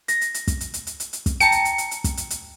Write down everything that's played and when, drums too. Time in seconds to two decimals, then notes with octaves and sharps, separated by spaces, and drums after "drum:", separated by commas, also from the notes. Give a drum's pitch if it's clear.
0.08 A#6, drum: hi-hat
0.21 drum: hi-hat
0.34 drum: hi-hat
0.47 drum: kick, hi-hat
0.61 drum: hi-hat
0.74 drum: hi-hat
0.87 drum: hi-hat
1.00 drum: hi-hat
1.13 drum: hi-hat
1.26 drum: kick, hi-hat
1.40 G5 A5 A#5 C#7, drum: hi-hat
1.52 drum: hi-hat
1.65 drum: hi-hat
1.78 drum: hi-hat
1.91 drum: hi-hat
2.04 drum: kick, hi-hat
2.17 drum: hi-hat
2.30 drum: hi-hat